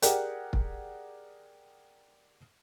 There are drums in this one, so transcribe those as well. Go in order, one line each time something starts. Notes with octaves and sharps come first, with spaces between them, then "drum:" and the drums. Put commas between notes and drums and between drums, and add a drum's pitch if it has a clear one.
G4 G#4 A#4 D5 F#5 G5, drum: hi-hat
drum: kick